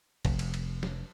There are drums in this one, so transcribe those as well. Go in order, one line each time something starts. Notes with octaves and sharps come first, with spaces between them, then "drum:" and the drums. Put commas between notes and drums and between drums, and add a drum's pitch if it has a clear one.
F1, drum: kick, cymbal
drum: cymbal
drum: cymbal
drum: snare